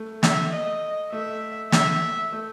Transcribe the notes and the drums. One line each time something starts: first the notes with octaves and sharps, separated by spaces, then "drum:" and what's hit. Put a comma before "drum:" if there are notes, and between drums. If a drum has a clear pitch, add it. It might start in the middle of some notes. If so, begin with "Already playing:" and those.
Already playing: A3
E5, drum: snare
D#5
A3 E5
E5, drum: snare
A3